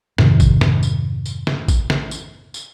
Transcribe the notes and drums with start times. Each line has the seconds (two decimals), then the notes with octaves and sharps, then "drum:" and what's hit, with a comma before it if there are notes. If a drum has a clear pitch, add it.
0.18 F2 G#2 C3 D#3, drum: snare
0.40 drum: kick A1, tambourine
0.61 drum: snare
0.83 drum: tambourine
1.26 drum: tambourine
1.47 drum: snare
1.68 drum: kick A1, tambourine
1.90 drum: snare
2.11 drum: tambourine
2.54 drum: tambourine